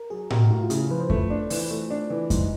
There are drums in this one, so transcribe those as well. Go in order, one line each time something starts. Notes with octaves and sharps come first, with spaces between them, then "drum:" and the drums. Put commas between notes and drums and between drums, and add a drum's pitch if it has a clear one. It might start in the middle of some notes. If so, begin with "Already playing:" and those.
Already playing: A#4
F#3 G#4
A#3 G4, drum: tom A2
F#4
A2 F#4
F4
C#3 E4, drum: hi-hat
F4
F3 B4
C5
A3 B4, drum: kick F2
D4
E3, drum: open hi-hat
A3
D4
E3
G#2, drum: kick F2, hi-hat